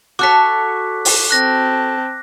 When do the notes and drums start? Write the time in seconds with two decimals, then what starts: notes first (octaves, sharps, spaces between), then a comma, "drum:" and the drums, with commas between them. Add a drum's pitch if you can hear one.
0.19 F#4 A4 C#5 D6 F#6 B6
1.05 drum: open hi-hat
1.31 C4 A5 F#6 A#6